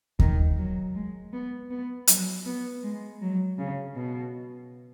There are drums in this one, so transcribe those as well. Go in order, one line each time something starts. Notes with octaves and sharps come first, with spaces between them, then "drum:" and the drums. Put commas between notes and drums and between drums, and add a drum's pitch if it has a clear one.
D#3, drum: kick D#2
F#3
G#3
B3
B3
F#3, drum: hi-hat
B3
G#3
F#3
C#3
B2